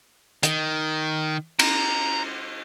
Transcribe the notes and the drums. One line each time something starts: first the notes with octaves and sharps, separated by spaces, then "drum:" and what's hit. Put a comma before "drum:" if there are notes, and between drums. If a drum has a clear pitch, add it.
D#3, drum: hi-hat
A#5, drum: cymbal